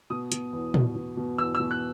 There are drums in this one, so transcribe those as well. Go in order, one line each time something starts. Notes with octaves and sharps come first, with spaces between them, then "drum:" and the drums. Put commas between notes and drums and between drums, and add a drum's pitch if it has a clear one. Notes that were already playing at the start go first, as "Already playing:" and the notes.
B2 D#6
B2, drum: hi-hat
E2
B2, drum: tom
B2
B2
E2 E6
E6
B2
F#6